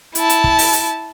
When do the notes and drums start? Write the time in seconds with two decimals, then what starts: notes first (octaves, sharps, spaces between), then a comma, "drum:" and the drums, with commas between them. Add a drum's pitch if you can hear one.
0.15 E4 A5, drum: hi-hat
0.29 drum: hi-hat
0.44 drum: kick
0.58 drum: open hi-hat
0.73 drum: hi-hat